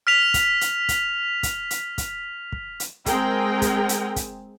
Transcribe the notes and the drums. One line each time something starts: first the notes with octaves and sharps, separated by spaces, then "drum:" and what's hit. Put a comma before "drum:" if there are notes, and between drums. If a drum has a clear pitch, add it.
F6 B6 F7
drum: kick, hi-hat
drum: hi-hat
drum: kick, hi-hat
drum: kick, hi-hat
drum: hi-hat
drum: kick, hi-hat
drum: kick
drum: hi-hat
G#3 C4 G#4 A#4 G5, drum: kick, hi-hat
drum: kick, hi-hat
drum: hi-hat
drum: kick, hi-hat